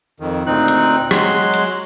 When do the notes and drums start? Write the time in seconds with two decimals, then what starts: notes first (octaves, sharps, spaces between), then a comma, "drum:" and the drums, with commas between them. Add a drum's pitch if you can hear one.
0.20 F2 D#3
0.47 D2 A#2 C4 D#4 F#6
0.68 drum: hi-hat
1.11 F#3 G#3 C6 F#6, drum: rim click
1.54 drum: hi-hat